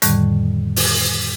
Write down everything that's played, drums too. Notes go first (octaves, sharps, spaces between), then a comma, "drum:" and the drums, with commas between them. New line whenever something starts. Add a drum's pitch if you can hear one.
F2 A2 D3 D#3 G3, drum: hi-hat
drum: open hi-hat